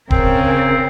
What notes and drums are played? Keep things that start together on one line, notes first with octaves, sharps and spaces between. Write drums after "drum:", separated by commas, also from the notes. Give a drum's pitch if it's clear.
C#3 C4 A#4, drum: kick D#1